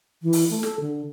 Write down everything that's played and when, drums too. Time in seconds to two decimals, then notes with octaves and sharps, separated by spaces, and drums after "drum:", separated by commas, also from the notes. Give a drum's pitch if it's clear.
0.23 E3
0.33 drum: open hi-hat
0.50 A3
0.63 A4, drum: snare
0.80 D3